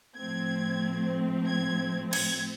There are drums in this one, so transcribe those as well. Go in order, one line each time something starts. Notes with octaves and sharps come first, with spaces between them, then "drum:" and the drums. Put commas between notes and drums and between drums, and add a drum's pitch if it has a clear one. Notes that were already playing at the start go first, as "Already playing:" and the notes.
A2 F3 A3 C4 G#6
G#6
G#6, drum: cymbal